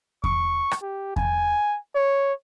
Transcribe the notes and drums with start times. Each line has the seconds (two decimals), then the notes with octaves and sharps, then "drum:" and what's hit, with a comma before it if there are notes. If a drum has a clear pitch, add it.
0.24 C#6, drum: kick E2
0.71 drum: rim click
0.83 G4
1.16 G#5, drum: kick E2
1.95 C#5